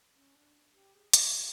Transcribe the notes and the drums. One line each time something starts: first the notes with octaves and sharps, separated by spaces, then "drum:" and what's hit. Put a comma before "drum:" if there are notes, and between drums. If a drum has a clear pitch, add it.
C#4
D4
G4
G#4
G#4, drum: hi-hat
G4